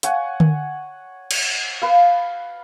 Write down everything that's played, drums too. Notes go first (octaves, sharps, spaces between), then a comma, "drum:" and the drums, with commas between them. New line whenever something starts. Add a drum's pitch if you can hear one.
C#5 F#5 G#5, drum: hi-hat
drum: tom D3
drum: cymbal
B4 F5